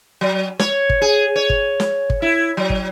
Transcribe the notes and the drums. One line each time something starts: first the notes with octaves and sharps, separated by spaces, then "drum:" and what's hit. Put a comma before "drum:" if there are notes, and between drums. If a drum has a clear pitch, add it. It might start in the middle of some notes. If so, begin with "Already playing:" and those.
F#3
C#5, drum: snare
drum: kick
G#4
C#5
drum: kick
drum: snare
drum: kick
E4
F#3
drum: kick